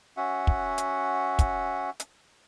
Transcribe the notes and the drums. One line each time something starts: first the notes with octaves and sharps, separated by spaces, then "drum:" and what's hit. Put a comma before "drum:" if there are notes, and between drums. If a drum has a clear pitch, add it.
C#4 F#4 E5 F#5
drum: kick
drum: hi-hat
drum: kick, hi-hat
drum: hi-hat